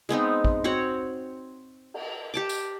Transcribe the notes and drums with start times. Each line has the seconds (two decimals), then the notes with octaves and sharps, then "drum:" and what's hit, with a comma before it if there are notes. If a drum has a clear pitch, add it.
0.09 G#3 B3 C4 D#4
0.45 drum: kick
0.64 C4 F#4 C#5 F#5
1.94 drum: cymbal
2.34 G4 A5 D6
2.49 drum: tambourine